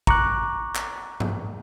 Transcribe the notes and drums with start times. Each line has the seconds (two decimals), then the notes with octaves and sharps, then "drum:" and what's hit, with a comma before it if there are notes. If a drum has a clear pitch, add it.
0.07 A#5 C#6 D6 F#6, drum: kick G#1
0.75 drum: clap
1.20 drum: tom G2